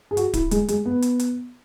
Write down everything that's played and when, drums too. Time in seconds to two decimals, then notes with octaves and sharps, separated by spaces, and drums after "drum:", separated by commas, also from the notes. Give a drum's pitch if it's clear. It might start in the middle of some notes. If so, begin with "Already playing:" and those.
0.11 G#4
0.17 F#4, drum: hi-hat
0.34 E4, drum: kick D1, hi-hat
0.51 G#3, drum: hi-hat
0.68 G#3, drum: hi-hat
0.85 B3
1.02 drum: hi-hat
1.19 drum: hi-hat